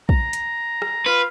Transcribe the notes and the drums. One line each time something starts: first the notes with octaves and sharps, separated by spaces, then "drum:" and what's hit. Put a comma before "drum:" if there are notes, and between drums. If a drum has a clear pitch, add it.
A#5, drum: kick
drum: hi-hat
drum: rim click
F4 B4